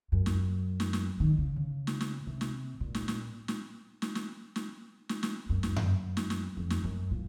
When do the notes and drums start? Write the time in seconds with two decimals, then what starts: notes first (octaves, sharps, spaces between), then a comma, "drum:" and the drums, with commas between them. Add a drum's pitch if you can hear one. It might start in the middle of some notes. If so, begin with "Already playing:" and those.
0.12 F#2
0.26 drum: snare
0.80 drum: snare
0.93 drum: snare
1.20 D#3
1.38 C#3
1.56 C#3
1.87 drum: snare
2.01 drum: snare
2.27 C3
2.41 drum: snare
2.80 A#2
2.95 drum: snare
3.08 drum: snare
3.48 drum: snare
4.02 drum: snare
4.15 drum: snare
4.56 drum: snare
5.09 drum: snare
5.23 drum: snare
5.49 F#2
5.63 drum: snare
5.76 drum: tom F#2
6.17 drum: snare
6.30 drum: snare
6.57 F2
6.70 drum: snare
6.84 F#2
7.11 A#2